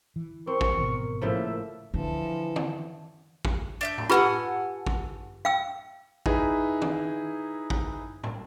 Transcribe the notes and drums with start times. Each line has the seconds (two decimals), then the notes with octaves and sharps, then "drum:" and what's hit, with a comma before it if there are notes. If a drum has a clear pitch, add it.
0.16 E3
0.47 C4 A#4 C#6
0.61 drum: kick A1
0.79 G#1 B2
1.22 A2 C#3 F3 A#3 E5
1.94 D3 E3 F3 A4
2.56 drum: tom D#3
3.45 drum: kick A1
3.81 D4 E5 G6
3.98 drum: tom A2
4.10 F4 G4 A4 B4 F#5 G#5
4.87 drum: kick A1
5.45 F5 G5 E6
6.26 D#4 E4 G#4 B4, drum: kick A1
6.82 drum: tom D#3
7.70 drum: kick A1
8.24 drum: tom A2